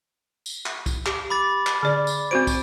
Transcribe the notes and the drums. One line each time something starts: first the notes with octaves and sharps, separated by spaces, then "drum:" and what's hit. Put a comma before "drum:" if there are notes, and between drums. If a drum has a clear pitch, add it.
drum: tambourine
drum: clap
drum: kick, tambourine
G4, drum: clap
B5 D6 A6
drum: clap
D3 D5
drum: tambourine
C4 F#4 C5 D7
drum: kick, tambourine